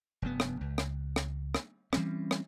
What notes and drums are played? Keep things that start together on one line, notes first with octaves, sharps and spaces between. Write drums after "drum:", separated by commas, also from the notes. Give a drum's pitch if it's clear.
F1 G2 B3
drum: rim click
C#2
drum: rim click
drum: rim click
drum: rim click
E3 G3 C4 C#4, drum: rim click
drum: rim click